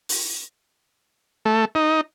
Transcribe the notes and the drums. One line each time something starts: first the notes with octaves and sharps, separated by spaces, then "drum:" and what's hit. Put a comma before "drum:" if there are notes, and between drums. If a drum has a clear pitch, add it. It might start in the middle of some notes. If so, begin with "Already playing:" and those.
drum: open hi-hat
A3
D#4